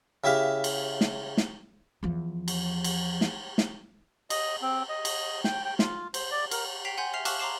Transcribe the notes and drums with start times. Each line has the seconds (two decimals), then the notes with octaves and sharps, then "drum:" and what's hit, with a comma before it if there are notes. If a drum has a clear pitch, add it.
0.24 C#3 E4 G4 E5 F5
0.64 drum: cymbal
1.01 drum: snare
1.37 drum: snare
2.03 E2 F3
2.48 drum: cymbal
2.84 drum: cymbal
3.21 drum: snare
3.58 drum: snare
4.30 D#5, drum: cymbal
4.62 C4
4.89 D#5
5.05 drum: cymbal
5.44 G5, drum: snare
5.65 G5
5.79 F4, drum: snare
6.14 C5, drum: cymbal
6.31 D5
6.51 A#4, drum: cymbal
6.85 G5 B6 C7 F7
6.98 F#5 G#5 C6 G6
7.13 E5 F6 C7 F7
7.25 F5 A5 C#6 D6 F6 F#6, drum: cymbal
7.39 A#5 C6 D6 C7 E7